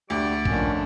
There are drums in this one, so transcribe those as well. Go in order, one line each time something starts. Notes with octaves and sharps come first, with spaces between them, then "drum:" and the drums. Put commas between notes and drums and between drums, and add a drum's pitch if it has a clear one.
D2 G3 G4 D5
D3 D#3 F3 A#3 C#4 D4, drum: kick A#1